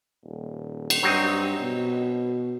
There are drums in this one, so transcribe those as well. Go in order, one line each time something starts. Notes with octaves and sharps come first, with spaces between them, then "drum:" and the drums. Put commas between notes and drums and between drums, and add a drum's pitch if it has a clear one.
D#1
drum: cymbal
G2 F#3 C4 D#4
B2